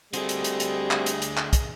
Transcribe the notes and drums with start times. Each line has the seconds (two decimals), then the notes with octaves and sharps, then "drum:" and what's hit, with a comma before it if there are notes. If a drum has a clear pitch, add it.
0.13 D3 G3 A3 C4 F#4 G#4 C5 D#5, drum: hi-hat
0.29 drum: hi-hat
0.44 drum: hi-hat
0.60 drum: hi-hat
0.91 drum: clap
1.06 drum: hi-hat
1.22 drum: hi-hat
1.37 drum: clap
1.53 drum: kick, hi-hat